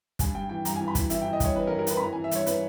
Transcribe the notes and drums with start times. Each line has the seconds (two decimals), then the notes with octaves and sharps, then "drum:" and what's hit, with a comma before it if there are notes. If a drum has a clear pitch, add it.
0.19 G2 G#5, drum: kick, hi-hat
0.34 G2 G5
0.49 E3 G5
0.65 G2 A#5, drum: hi-hat
0.76 E3 G#5
0.88 B5
0.95 E3, drum: kick, hi-hat
1.10 E3 E5, drum: hi-hat
1.22 E3 G5
1.33 D#5
1.40 G2 C#5, drum: kick, hi-hat
1.55 E3 B4
1.67 A#4
1.71 G2
1.79 A#4
1.87 E3 B4, drum: hi-hat
1.97 B5
2.01 E3 A#5
2.13 E3 G#5
2.24 E5
2.31 G2 C#5, drum: hi-hat
2.46 E3 B4, drum: hi-hat